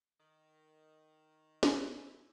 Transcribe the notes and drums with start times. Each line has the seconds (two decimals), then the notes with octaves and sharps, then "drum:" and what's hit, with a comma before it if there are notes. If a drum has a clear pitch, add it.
0.19 D#3
1.63 E4, drum: snare